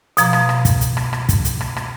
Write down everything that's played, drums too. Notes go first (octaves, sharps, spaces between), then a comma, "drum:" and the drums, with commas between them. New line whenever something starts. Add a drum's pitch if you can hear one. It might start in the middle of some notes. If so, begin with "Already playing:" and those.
B2 F3 A#5, drum: hi-hat
drum: rim click
drum: rim click
drum: kick, hi-hat
drum: hi-hat
drum: rim click
drum: rim click
drum: kick, hi-hat
drum: hi-hat
drum: rim click
drum: rim click